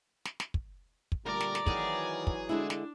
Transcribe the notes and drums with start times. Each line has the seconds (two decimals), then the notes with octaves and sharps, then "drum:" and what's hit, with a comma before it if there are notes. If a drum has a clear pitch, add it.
0.25 drum: snare
0.40 drum: snare
0.54 drum: kick
1.12 drum: kick
1.26 A#2 D3 G3 A3 A#4 D5 A#5
1.40 drum: snare
1.55 drum: snare
1.66 D#3 E3 F#3 B3 G#4, drum: kick
2.27 drum: kick
2.49 D3 G#3 D4 E4
2.70 drum: snare